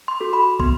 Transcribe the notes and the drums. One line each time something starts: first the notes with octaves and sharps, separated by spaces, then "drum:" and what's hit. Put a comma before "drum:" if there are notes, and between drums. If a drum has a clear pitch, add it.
C6
F#4 A4
B5
B3 C6, drum: kick